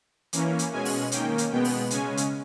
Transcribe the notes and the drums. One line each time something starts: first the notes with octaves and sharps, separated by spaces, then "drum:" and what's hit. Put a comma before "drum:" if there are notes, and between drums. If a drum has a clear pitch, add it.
E3 A#3 C#4, drum: hi-hat
drum: hi-hat
B2 G#3 C#4 G#5
drum: open hi-hat
D#3 A#3 C#4 G5, drum: hi-hat
drum: hi-hat
B2 G#3 B3 G5
drum: open hi-hat
C#3 G#3 C#4 G#5, drum: hi-hat
drum: hi-hat